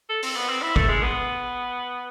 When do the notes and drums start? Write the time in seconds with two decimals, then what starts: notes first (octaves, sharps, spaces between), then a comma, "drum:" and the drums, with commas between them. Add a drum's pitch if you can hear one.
0.09 A4
0.23 C4, drum: open hi-hat
0.36 B3
0.49 C4
0.62 E4
0.76 A3, drum: kick
0.88 G#3
1.02 B3